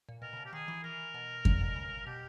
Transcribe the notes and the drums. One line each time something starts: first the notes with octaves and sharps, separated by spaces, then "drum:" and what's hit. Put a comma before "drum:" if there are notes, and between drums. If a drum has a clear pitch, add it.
A#2
B2 A#4
C#3
B2
G4
D#3 G#4
E3
E3 A#4
B2
A#2, drum: kick F2
B2
C#3
B2 G4